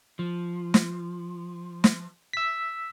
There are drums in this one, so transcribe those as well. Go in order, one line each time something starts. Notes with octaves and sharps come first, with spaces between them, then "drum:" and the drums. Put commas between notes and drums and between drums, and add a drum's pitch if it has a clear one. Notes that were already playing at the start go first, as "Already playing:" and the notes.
F3
drum: snare
drum: snare
E6 B6